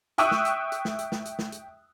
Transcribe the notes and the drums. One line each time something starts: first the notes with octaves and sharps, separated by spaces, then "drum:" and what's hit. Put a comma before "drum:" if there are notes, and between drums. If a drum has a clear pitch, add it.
E5 G5 C#6 D#6 E6 F#6, drum: hi-hat
drum: snare
drum: hi-hat
drum: hi-hat
drum: snare
drum: hi-hat
drum: snare
drum: hi-hat
drum: snare
drum: hi-hat